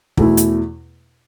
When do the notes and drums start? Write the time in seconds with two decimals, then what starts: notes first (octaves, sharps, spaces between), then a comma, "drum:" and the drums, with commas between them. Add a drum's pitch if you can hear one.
0.17 E2 B2 A3 E4, drum: kick
0.37 drum: hi-hat